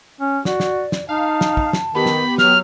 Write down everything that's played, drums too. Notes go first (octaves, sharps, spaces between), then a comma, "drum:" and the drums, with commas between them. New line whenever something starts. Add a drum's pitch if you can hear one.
C#4
F#4 D5, drum: snare
drum: snare
drum: snare
D#4 F5 A5
drum: snare
drum: kick
drum: snare
D#3 B3 G4 B5
drum: snare
F#3 F6, drum: snare